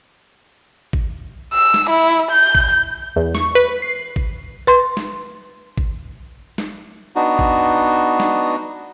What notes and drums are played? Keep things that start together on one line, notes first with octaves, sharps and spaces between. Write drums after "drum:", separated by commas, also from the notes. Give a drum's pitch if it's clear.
drum: kick G#1
E6
drum: snare
E4
G6
drum: kick G#1
E2
C#6, drum: snare
B4
C7
drum: kick G#1
B4 C6
drum: snare
drum: kick G#1
drum: snare
B3 D4 D#4 F#4
drum: kick G#1
drum: snare